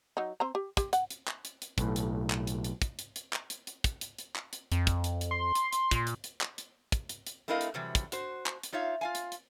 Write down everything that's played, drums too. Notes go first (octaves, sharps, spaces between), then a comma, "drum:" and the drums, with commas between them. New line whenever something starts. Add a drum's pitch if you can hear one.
F#3 D#4
C4 C5 A#5
G4
G4, drum: kick, hi-hat
F#5, drum: hi-hat
drum: hi-hat
drum: clap
drum: hi-hat
drum: hi-hat
B1 A2, drum: kick, hi-hat
drum: hi-hat
drum: clap
drum: hi-hat
drum: hi-hat
drum: kick, hi-hat
drum: hi-hat
drum: hi-hat
drum: clap
drum: hi-hat
drum: hi-hat
drum: kick, hi-hat
drum: hi-hat
drum: hi-hat
drum: clap
drum: hi-hat
F2, drum: hi-hat
drum: kick, hi-hat
drum: hi-hat
drum: hi-hat
C6
drum: hi-hat
drum: hi-hat
A#2, drum: kick, hi-hat
drum: hi-hat
drum: hi-hat
drum: clap
drum: hi-hat
drum: kick, hi-hat
drum: hi-hat
drum: hi-hat
A3 C4 E4 A#4 D#5 F5
drum: hi-hat
C3 E3 F#3 G3
drum: kick, hi-hat
F#4 C5, drum: hi-hat
drum: clap
drum: hi-hat
D#4 F4 C#5 E5 F5
F4 F5 G#5
drum: hi-hat
drum: hi-hat